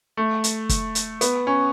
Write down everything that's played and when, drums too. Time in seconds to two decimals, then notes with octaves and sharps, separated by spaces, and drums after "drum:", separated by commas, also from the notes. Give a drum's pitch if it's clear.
0.17 A3
0.44 drum: hi-hat
0.69 drum: kick, hi-hat
0.95 drum: hi-hat
1.21 B3, drum: hi-hat
1.47 C#4